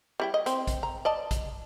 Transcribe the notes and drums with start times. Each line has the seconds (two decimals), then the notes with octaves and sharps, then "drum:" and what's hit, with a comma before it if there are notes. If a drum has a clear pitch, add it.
0.20 G3 E4 G5
0.34 D#5
0.46 C4, drum: hi-hat
0.67 drum: kick A#1, hi-hat
0.83 A#5
1.05 D5 D#5 A5
1.31 drum: kick A#1, hi-hat